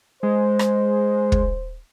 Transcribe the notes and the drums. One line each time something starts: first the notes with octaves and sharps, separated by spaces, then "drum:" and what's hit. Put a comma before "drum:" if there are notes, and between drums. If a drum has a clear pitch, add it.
G#3 C5
drum: rim click
drum: kick